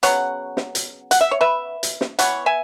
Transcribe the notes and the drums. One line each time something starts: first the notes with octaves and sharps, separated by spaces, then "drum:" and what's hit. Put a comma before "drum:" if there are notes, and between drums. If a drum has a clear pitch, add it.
C#3 F#3 B3 C#5 F#5, drum: hi-hat
drum: snare
drum: hi-hat
F#5, drum: hi-hat
E5
C#5
B4 E5
drum: hi-hat
drum: snare
E3 B3 C#5 F#5, drum: hi-hat
E5 G#5